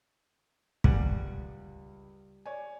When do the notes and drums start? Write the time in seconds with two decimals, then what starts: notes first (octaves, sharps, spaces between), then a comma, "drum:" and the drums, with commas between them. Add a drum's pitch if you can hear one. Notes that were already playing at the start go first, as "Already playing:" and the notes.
0.84 C#2 G3 F#5 G#5, drum: kick
2.46 C#5 D5 G#5